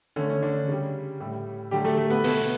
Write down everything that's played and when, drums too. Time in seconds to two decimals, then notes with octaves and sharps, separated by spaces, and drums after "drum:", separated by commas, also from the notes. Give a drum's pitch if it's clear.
0.16 D3 A3 C#4
0.30 C#4
0.42 D3 D4
0.68 C#3 G3
1.20 A2 G3
1.71 D3 F#3 G3 A3 G4
1.84 A3 A4
1.97 A3 A4
2.10 B3 B4
2.24 B2 A3 B3 B4, drum: open hi-hat